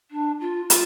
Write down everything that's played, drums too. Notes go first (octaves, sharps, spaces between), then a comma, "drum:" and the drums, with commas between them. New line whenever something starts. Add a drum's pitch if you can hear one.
D4
F4
F4, drum: hi-hat